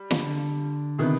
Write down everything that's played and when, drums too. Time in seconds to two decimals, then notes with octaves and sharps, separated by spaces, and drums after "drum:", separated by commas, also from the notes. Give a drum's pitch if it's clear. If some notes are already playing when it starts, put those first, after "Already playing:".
Already playing: G3
0.11 D3, drum: snare
0.98 C3 D#3 B3